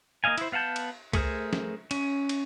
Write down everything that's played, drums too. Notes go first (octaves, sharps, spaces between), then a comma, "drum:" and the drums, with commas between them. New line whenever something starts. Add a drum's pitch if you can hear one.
A#3 D#4 D#5 F5 G#5
E4 C5, drum: cymbal
B3 F5 F#5 A5 G6
drum: cymbal
A3 G#4 A#4 C5, drum: kick, cymbal
drum: snare
C#4, drum: cymbal
drum: cymbal